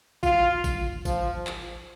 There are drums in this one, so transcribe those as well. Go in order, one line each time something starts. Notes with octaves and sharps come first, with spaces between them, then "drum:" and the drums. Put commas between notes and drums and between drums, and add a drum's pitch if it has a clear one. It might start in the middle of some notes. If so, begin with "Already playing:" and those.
F4, drum: kick A1, tambourine
drum: kick A1, tambourine
F3, drum: kick A1, tambourine
drum: clap